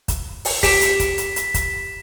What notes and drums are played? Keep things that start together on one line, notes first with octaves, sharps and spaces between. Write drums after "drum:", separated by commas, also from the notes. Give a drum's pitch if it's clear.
drum: kick, hi-hat
drum: open hi-hat
G4 B6 E7, drum: kick, open hi-hat
drum: hi-hat
drum: kick, hi-hat
drum: hi-hat
drum: hi-hat
drum: kick, hi-hat